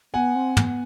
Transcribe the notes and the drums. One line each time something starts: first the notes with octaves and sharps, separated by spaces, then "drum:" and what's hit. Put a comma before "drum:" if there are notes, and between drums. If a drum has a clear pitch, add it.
B3 F#5 G#5
C4
B3, drum: tom